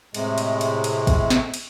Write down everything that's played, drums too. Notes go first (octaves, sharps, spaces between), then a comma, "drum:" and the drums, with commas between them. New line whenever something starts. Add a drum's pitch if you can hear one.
A2 C3 G#3, drum: cymbal
drum: cymbal
drum: cymbal
drum: cymbal
drum: kick, cymbal
drum: snare
drum: cymbal